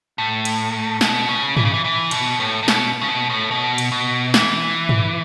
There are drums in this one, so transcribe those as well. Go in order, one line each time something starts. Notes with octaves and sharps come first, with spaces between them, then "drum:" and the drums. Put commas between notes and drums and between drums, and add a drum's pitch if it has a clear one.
A2
drum: cymbal
B2, drum: snare
C#3
E3, drum: tom
C#3
E3
E3
B2, drum: cymbal
A2
A2
B2, drum: snare
C#3
B2
A2
B2
drum: cymbal
B2
E3, drum: snare
drum: tom